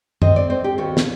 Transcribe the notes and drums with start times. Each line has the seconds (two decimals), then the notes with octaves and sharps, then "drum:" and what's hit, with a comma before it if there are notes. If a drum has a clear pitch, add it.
0.22 C4 D#5, drum: tom F#2
0.36 D5
0.50 C4 C5
0.64 G4
0.78 D#2 F#4
0.97 drum: snare